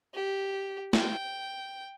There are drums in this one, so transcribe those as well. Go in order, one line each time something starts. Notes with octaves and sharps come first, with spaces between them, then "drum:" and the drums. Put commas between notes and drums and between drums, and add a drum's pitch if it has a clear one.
G4
G5, drum: snare